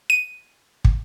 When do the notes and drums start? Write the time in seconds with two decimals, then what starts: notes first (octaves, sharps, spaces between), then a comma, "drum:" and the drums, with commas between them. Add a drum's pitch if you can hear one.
0.10 D#7
0.85 drum: kick